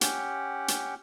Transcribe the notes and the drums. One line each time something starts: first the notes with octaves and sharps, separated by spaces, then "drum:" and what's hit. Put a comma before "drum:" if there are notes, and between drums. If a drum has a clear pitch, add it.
C#4 G4 F#5 G5, drum: hi-hat
drum: hi-hat